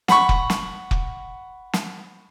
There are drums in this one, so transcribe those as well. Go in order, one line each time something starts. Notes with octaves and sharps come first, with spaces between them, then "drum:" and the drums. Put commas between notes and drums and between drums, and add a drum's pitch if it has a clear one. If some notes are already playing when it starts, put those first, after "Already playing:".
F#5 B5 C#6, drum: snare
drum: kick
drum: snare
drum: kick
drum: snare